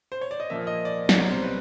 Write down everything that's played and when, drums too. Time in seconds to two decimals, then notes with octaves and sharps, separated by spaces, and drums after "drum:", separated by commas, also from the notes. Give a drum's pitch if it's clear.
0.12 C5
0.21 C#5
0.31 D5
0.40 D#5
0.50 A#2 F3 A#3 E5
0.67 D#5
0.85 D5
1.09 drum: snare
1.19 C2 B2 G3 C4 C#5
1.31 C5
1.42 B4